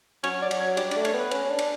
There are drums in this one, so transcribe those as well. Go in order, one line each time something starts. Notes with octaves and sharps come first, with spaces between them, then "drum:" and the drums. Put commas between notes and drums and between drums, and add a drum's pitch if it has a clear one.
F#3 C#5, drum: cymbal
D5
F#3, drum: cymbal
C#5
G3 D5, drum: cymbal
D5, drum: cymbal
A3
C#5, drum: cymbal
B3 B4
C#4, drum: cymbal
D4
drum: cymbal